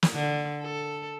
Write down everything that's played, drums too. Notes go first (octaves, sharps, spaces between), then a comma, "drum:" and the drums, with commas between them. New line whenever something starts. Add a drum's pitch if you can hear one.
drum: snare
D3
A4